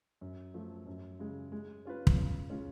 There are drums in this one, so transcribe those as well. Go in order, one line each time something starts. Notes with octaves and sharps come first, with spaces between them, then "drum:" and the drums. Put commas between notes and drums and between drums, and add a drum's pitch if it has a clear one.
F#2
F3 A3
F#2
C#3 G#3
G#3
C#4 F4 B4
drum: kick
C#3
G#3 C#4 F4